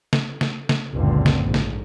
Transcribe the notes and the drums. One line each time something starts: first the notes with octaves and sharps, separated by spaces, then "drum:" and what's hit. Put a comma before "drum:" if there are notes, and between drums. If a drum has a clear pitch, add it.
drum: snare
drum: snare
drum: snare
F#1 C#2 G2 A#2 D3 C4
drum: snare
A#1 G#2
drum: snare